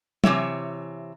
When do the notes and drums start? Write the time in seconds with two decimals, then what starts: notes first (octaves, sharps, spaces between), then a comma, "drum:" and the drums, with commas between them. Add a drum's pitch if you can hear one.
0.24 C3 E3 C#5 E5, drum: tom